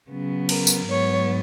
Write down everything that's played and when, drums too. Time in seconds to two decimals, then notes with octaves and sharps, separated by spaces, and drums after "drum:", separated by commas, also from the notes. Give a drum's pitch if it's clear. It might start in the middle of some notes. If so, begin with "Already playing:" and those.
0.10 C#3 F#3 B3
0.49 A#4, drum: cymbal
0.67 drum: tambourine
0.88 G#2 F#3 B3 C#5